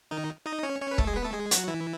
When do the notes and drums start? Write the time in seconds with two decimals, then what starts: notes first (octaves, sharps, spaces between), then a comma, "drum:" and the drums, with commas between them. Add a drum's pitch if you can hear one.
0.11 D#3 D#4
0.46 D#4 D#5
0.63 C#4 C#5
0.81 C#4 C#5
0.91 B4
0.98 A3 A4, drum: kick
1.07 G#3 G#4
1.16 B3 B4
1.24 A3 A4
1.33 G#3 G#4
1.51 F#3 F#4, drum: hi-hat
1.68 E3 E4